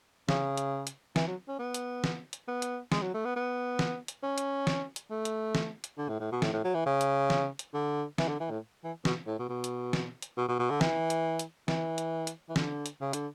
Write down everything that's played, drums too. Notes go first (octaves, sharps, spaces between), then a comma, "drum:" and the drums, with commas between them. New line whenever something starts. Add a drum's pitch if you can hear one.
C#3, drum: snare
drum: hi-hat
drum: hi-hat
E3, drum: snare
F#3
C#4
B3
drum: hi-hat
drum: snare
drum: hi-hat
B3
drum: hi-hat
G#3, drum: snare
F#3
A3
B3
B3
drum: snare
drum: hi-hat
C#4
drum: hi-hat
drum: snare
drum: hi-hat
A3
drum: hi-hat
drum: snare
drum: hi-hat
D3
A2
A2
B2
A2, drum: snare
A2
F#3
E3
C#3
drum: hi-hat
drum: snare
drum: hi-hat
D3
E3, drum: snare
D3
E3
A2
E3
B2, drum: snare
A2
B2
B2
drum: hi-hat
drum: snare
drum: hi-hat
B2
B2
B2
D3
E3, drum: snare
drum: hi-hat
drum: hi-hat
E3, drum: snare
drum: hi-hat
drum: hi-hat
E3
D3, drum: snare
drum: hi-hat
C#3
D3, drum: hi-hat